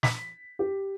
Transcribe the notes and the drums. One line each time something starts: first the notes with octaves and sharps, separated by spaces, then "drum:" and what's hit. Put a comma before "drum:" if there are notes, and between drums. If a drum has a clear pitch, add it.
B6, drum: snare
G4